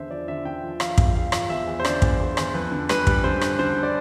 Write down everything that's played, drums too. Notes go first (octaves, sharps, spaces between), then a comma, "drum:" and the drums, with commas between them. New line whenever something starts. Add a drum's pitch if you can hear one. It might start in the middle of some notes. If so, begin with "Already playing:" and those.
Already playing: E2 D3 C5 E5
F3 D5
D3 E5
D3 G5
F3
F3 F5, drum: rim click
E2, drum: kick
E2 F5
F3, drum: rim click
E2 E5
E2
C5
D3 D5, drum: rim click
E2, drum: kick
E2
E2, drum: rim click
F2 B4
D3
G3 B4, drum: rim click
G3, drum: kick
D3 C5
D3, drum: rim click
D3 C5
D3
D5